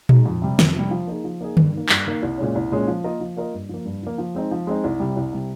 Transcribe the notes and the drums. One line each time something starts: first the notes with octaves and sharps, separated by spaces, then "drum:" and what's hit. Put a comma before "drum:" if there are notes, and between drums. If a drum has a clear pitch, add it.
G#3 D#4, drum: tom A#2
F2
C3 G3
F2, drum: snare
C3 G3
F3
A#3 D#4 G#4
F3
A#3 D#4 G#4
G2, drum: tom D3
D#3 A#3
G2, drum: clap
D#3 A#3
C2
A#2 G#3 C#4
C2
A#2 G#3 C#4
F3
A#3 F4 A#4 D#5
F3
A#3 F4 A#4 D#5
G2
F3 A#3
G2
F3 A#3
F3
G#3 C4 D#4
F3
G#3 C4 D#4
C2
C3 G3
C2
C3 G3